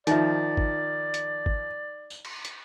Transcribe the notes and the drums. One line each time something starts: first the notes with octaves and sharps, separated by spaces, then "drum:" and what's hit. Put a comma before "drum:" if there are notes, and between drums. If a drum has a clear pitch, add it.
D#3 F3 D#4 D5 E5, drum: hi-hat
drum: kick
drum: hi-hat
drum: kick
drum: tambourine
drum: cymbal
drum: hi-hat